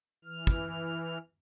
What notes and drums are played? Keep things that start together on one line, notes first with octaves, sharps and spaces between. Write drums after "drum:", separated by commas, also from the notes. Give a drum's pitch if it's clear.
E3 F6
drum: kick